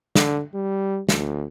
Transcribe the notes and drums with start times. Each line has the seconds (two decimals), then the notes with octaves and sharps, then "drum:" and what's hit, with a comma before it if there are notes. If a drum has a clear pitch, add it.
0.16 D3, drum: snare
0.54 G3
1.09 D2, drum: snare